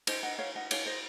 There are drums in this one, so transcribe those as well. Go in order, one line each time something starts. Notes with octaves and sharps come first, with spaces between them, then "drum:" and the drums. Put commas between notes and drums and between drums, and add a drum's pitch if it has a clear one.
C5 D#5, drum: cymbal
D#5 F#5
C#5 F5
D#5 F#5
C#5 F5, drum: cymbal
C5 D#5